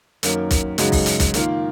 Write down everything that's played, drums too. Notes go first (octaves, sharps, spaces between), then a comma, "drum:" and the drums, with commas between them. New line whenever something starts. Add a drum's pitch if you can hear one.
F#2 D#3 A#3 C#4, drum: hi-hat
drum: kick, hi-hat
F#2 C#3 G#3 D#4 F#4, drum: hi-hat
drum: kick, open hi-hat
drum: hi-hat
drum: kick, hi-hat
D#3 A#3 F4, drum: hi-hat